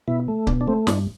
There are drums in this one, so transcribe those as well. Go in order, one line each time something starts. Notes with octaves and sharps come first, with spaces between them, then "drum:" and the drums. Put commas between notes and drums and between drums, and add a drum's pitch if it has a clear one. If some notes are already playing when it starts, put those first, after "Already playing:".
B2 E4
A3
B2 D4, drum: kick C#1
D4
A3 C4
G2 D4, drum: snare